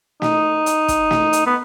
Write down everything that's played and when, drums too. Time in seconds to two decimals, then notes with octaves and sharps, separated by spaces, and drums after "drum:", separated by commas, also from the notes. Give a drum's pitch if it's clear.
0.22 D#4, drum: snare
0.66 drum: hi-hat
0.88 drum: kick, hi-hat
1.11 drum: snare
1.33 drum: hi-hat
1.46 B3